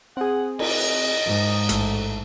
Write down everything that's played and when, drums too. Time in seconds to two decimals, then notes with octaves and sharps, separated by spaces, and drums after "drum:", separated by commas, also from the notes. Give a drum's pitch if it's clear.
0.17 C4 G#4 F#5
0.59 D#5, drum: cymbal
1.26 G#2
1.69 A1 A3, drum: hi-hat